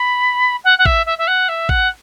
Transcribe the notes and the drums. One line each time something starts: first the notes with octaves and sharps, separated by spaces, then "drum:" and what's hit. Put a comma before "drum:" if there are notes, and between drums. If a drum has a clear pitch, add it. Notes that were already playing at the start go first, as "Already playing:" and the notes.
Already playing: B5
F#5
F#5
E5, drum: kick A1
E5
E5
F#5
E5
F#5, drum: kick A1